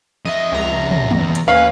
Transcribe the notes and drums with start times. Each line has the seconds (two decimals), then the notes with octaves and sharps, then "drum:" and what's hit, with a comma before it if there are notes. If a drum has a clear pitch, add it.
0.25 F2 D#5 E5
0.52 C#2 A#5
0.91 drum: tom
1.11 E2, drum: tom
1.35 drum: hi-hat
1.48 D#2 C#4 B4 F5